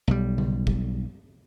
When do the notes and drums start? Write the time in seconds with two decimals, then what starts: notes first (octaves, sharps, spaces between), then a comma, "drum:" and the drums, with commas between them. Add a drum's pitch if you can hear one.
0.07 B1 G3
0.38 drum: tom C#3
0.67 drum: kick